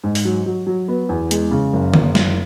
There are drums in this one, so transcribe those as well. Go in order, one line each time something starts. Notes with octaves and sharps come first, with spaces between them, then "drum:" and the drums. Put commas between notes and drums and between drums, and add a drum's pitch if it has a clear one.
G#2
drum: open hi-hat
F#3
F#3
F#3
B3
E2
G#3, drum: hi-hat
C#3
F#1
F#1, drum: tom D3
F#1, drum: snare